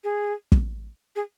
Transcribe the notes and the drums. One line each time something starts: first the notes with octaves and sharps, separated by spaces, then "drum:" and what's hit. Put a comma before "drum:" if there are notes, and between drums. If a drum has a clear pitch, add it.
G#4
drum: kick
G#4